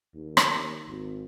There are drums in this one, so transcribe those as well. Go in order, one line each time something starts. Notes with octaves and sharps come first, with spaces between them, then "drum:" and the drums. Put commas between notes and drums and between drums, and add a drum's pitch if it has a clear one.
D#2
drum: rim click
G#1